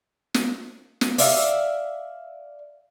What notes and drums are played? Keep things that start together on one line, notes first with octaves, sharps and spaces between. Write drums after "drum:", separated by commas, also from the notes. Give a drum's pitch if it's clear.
drum: snare
drum: snare
D5 E5 F5, drum: open hi-hat